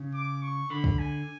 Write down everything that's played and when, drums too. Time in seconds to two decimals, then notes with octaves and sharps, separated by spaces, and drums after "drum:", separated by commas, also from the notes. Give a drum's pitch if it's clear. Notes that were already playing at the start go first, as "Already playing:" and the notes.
Already playing: C#3
0.14 D6
0.43 C#6
0.70 D3 B5
0.84 drum: kick
0.99 G#5